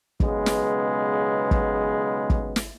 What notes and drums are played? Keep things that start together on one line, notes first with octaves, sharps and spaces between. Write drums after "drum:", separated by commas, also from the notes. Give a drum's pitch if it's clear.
B1 C#3 G#3 B3, drum: kick
drum: snare
drum: kick
drum: kick
drum: snare